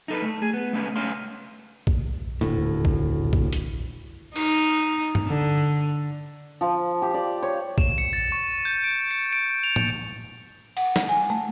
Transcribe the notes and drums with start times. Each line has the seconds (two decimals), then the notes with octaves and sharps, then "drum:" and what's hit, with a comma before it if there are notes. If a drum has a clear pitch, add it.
0.08 D#4 A4 B4
0.22 A3
0.42 G#4
0.54 B3
0.73 G#3 A3 C#4 B4
0.96 C#4 A#4 C#5 F5 C6
1.87 drum: kick A#1
2.41 D#1 D2 A2
2.85 drum: kick A#1
3.33 drum: kick A#1
3.53 drum: hi-hat
4.36 D#4, drum: cymbal
5.15 drum: tom G2
5.27 D3
6.61 F3
7.02 G4
7.14 D5
7.43 C#5
7.78 E7, drum: kick A#1
7.98 C#7
8.13 A6
8.32 C#6
8.65 G6
8.84 D7
9.11 C#7
9.33 D7
9.64 F7
9.76 drum: tom
10.77 F#5, drum: cymbal
10.96 drum: snare
11.09 G#5
11.30 A3